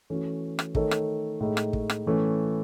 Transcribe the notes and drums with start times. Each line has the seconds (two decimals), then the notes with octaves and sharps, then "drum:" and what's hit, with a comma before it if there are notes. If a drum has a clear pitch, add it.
0.10 E3 A3 C#4 F#4
0.59 drum: rim click
0.75 D#3 A3 D#4 A4 C#5, drum: kick
0.91 drum: rim click
1.40 A2 G#3 D#4
1.57 drum: rim click
1.73 drum: kick
1.90 drum: rim click
2.06 A2 E3 A3 C#4